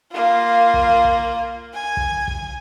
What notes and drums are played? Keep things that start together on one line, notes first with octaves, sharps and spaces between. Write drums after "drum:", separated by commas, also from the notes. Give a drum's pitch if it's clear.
A#3 F4
drum: kick B1
drum: kick B1
G#5
drum: kick B1
drum: kick B1